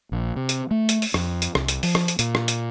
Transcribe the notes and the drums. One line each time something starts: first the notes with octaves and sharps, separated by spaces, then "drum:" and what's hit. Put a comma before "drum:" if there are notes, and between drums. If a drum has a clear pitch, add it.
A#1
C3
drum: hi-hat
A3
drum: hi-hat
drum: open hi-hat
F2, drum: rim click
drum: hi-hat
C2, drum: rim click
drum: hi-hat
F3, drum: open hi-hat
drum: rim click
drum: hi-hat
A#2, drum: hi-hat
drum: rim click
drum: hi-hat